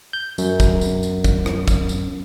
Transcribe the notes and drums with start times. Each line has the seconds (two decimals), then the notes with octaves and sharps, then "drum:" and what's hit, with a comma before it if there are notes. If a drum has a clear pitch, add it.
0.13 G6
0.38 F#2, drum: tambourine
0.60 drum: kick, tambourine
0.81 drum: tambourine
1.03 drum: tambourine
1.24 drum: kick, tambourine
1.46 drum: rim click
1.68 drum: kick, tambourine
1.89 drum: tambourine